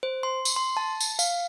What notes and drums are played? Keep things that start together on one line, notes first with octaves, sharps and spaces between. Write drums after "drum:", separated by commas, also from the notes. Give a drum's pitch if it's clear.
C5
C6
drum: tambourine
C6
A5
drum: tambourine
F5, drum: tambourine